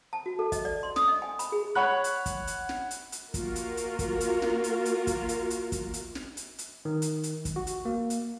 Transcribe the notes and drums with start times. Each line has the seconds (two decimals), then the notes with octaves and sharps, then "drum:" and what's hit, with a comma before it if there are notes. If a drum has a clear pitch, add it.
0.13 A5
0.26 F#4
0.39 A4
0.52 D#5, drum: kick, hi-hat
0.65 D5
0.83 C6
0.96 D#6, drum: snare
1.08 D#5
1.22 G#5
1.39 B5, drum: hi-hat
1.52 G#4
1.75 C#5 F#5 B5 F#6
2.04 drum: hi-hat
2.26 drum: kick, hi-hat
2.47 drum: hi-hat
2.69 drum: snare
2.91 drum: hi-hat
3.12 drum: hi-hat
3.34 A#3 F4 F#4 A#4, drum: kick, hi-hat
3.56 drum: hi-hat
3.77 drum: hi-hat
3.99 drum: kick, hi-hat
4.20 drum: hi-hat
4.42 drum: snare
4.64 drum: hi-hat
4.85 drum: hi-hat
5.07 drum: kick, hi-hat
5.29 drum: hi-hat
5.50 drum: hi-hat
5.72 drum: kick, hi-hat
5.94 drum: hi-hat
6.15 drum: snare
6.37 drum: hi-hat
6.59 drum: hi-hat
6.85 D#3
7.02 drum: hi-hat
7.23 drum: hi-hat
7.45 drum: kick, hi-hat
7.56 F#4
7.67 drum: hi-hat
7.85 A#3
8.10 drum: hi-hat